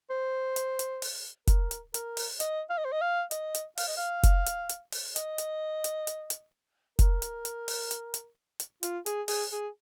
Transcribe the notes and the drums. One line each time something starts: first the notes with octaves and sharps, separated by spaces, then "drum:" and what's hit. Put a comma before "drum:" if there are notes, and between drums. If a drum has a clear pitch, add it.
C5
drum: hi-hat
drum: hi-hat
drum: open hi-hat
A#4, drum: kick F1, hi-hat
drum: hi-hat
A#4, drum: hi-hat
drum: open hi-hat
D#5, drum: hi-hat
F5
D#5
C5
D#5
F5
D#5, drum: hi-hat
drum: hi-hat
F5, drum: open hi-hat
D#5
F5
drum: kick F1, hi-hat
drum: hi-hat
drum: hi-hat
drum: open hi-hat
D#5, drum: hi-hat
drum: hi-hat
drum: hi-hat
drum: hi-hat
drum: hi-hat
A#4, drum: kick F1, hi-hat
drum: hi-hat
drum: hi-hat
drum: open hi-hat
drum: hi-hat
drum: hi-hat
drum: hi-hat
F4, drum: hi-hat
G#4, drum: hi-hat
G#4, drum: open hi-hat
G#4